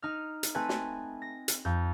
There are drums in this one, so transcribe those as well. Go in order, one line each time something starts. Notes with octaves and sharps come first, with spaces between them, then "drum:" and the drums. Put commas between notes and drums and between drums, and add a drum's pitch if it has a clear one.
D#4 F6
drum: hi-hat
A3 C4 B4 G#5
drum: snare
A#6
drum: hi-hat
F2 G6